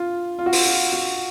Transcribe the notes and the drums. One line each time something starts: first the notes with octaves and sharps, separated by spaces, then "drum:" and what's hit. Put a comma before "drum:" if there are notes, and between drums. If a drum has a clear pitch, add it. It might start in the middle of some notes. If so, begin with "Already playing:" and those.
Already playing: F4
F4
F#4
F4, drum: open hi-hat
F4
F#4